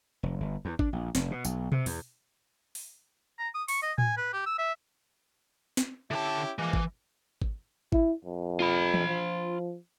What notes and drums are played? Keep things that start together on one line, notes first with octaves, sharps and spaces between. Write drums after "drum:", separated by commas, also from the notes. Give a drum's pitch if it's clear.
F1
G1
E2
D4, drum: kick G#1
A#1
F1, drum: snare
B2
B1, drum: tambourine
C3, drum: tom B2
E2, drum: open hi-hat
drum: open hi-hat
A#5
D#6
C#6, drum: open hi-hat
D#5
G#5, drum: tom A2
B4
G4
E6
E5
drum: snare
D3 C#4 E4 G4 A5
E3 F3 G#3 A#3
drum: kick G#1
drum: kick G#1
E4, drum: kick G#1
F2
F4 B5
drum: tom E3
F3